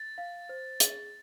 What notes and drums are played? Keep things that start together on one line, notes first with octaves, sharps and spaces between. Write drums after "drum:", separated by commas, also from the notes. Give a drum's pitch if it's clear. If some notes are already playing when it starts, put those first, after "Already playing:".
Already playing: A6
F5
C5
G#4, drum: hi-hat